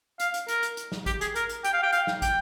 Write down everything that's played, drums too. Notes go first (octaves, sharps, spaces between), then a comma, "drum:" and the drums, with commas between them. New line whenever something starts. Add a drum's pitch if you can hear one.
F5, drum: hi-hat
drum: hi-hat
A#4, drum: hi-hat
drum: hi-hat
drum: hi-hat
drum: snare
G4, drum: kick, hi-hat
G#4, drum: hi-hat
A#4, drum: hi-hat
drum: hi-hat
G5, drum: hi-hat
F5
G5
F5, drum: hi-hat
drum: snare
G5, drum: kick, hi-hat